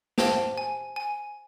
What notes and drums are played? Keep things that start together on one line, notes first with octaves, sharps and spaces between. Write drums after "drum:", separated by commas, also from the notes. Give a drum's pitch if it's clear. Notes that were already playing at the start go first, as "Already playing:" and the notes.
G4 C5 F5 G5 A5, drum: snare
G#5
G#5